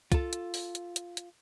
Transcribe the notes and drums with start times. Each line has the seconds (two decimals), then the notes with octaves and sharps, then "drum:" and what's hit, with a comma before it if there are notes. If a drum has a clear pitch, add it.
0.12 F4 A4, drum: kick, hi-hat
0.33 drum: hi-hat
0.54 drum: open hi-hat
0.75 drum: hi-hat
0.96 drum: hi-hat
1.17 drum: hi-hat